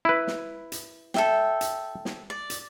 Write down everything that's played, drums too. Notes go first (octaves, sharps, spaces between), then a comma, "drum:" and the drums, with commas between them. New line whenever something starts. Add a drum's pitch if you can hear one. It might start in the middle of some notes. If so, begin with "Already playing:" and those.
E4 B4
drum: snare
drum: hi-hat
A4 E5 G5, drum: snare
drum: hi-hat
drum: snare
D5
drum: hi-hat